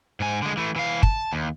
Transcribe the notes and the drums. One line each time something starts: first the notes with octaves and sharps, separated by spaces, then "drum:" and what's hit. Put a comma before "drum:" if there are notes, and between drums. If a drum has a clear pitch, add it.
G#2 G#5
D3 G#3
E3 A3
E3 F5
A5, drum: kick
D#2